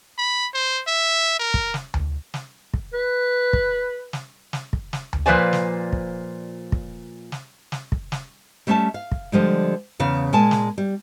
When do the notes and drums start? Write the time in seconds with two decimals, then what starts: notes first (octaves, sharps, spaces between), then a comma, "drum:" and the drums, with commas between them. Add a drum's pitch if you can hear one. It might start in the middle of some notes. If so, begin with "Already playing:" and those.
0.18 B5
0.54 C5
0.87 E5
1.40 A#4
1.54 drum: kick
1.74 drum: snare
1.94 drum: tom D2
2.34 drum: snare
2.74 drum: kick
2.94 B4
3.53 drum: kick
4.13 drum: snare
4.53 drum: snare
4.73 drum: kick
4.93 drum: snare
5.13 drum: tom D2
5.26 A#2 F3 B4 C5 D5 G#5
5.53 drum: snare
5.93 drum: kick
6.72 drum: kick
7.32 drum: snare
7.72 drum: snare
7.92 drum: kick
8.12 drum: snare
8.67 G3 A3 C#4 C#5 E5 A5
8.94 F5
9.12 drum: kick
9.32 D3 F3 G3 G#3
9.99 E2 C#3 F5
10.33 A#2 G#3 G#5 A5
10.51 drum: snare
10.78 G3